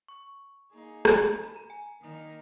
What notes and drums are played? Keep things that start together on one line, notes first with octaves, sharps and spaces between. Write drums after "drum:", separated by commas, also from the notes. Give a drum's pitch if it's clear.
C#6
A#3 D#4 G#4
G#5, drum: rim click
B5
A#5
G#5
D#3 A#3 D#4 A#4